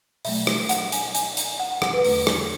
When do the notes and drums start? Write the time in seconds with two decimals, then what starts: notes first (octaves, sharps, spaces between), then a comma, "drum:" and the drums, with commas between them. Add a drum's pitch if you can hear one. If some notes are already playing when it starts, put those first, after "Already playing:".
0.25 B2 F#3 A3 E5, drum: open hi-hat
0.47 drum: rim click
0.69 F#5, drum: hi-hat
0.92 G#5, drum: hi-hat
1.15 G#5, drum: hi-hat
1.37 drum: hi-hat
1.59 F#5
1.71 F#5
1.82 F#5, drum: rim click
1.94 B4
2.04 E2 D3 A3 B4, drum: open hi-hat
2.27 drum: rim click